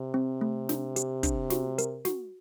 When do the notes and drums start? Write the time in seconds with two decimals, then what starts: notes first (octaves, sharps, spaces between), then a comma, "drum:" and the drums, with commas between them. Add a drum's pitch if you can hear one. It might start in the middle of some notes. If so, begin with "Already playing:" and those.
Already playing: C3
0.14 C4
0.41 A3
0.69 D4, drum: snare
0.96 G4, drum: hi-hat
1.23 D4, drum: kick, hi-hat
1.50 F#4, drum: snare
1.78 A#4, drum: hi-hat
2.05 F#4, drum: snare